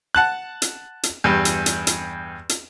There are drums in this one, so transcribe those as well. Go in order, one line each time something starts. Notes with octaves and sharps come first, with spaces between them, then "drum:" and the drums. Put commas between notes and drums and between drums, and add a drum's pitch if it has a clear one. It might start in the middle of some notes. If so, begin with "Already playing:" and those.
F#5 A5 F#6
drum: hi-hat
drum: hi-hat
E2 G2
drum: hi-hat
drum: hi-hat
drum: hi-hat
drum: hi-hat